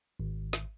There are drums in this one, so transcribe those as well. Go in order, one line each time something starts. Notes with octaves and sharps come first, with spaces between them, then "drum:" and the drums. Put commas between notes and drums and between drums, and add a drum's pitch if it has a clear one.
G#1
drum: snare